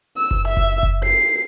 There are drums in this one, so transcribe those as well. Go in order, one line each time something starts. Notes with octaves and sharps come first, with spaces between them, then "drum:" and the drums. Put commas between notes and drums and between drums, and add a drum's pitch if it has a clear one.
E6
drum: kick F#1
E5
drum: kick F#1
drum: kick F#1
C7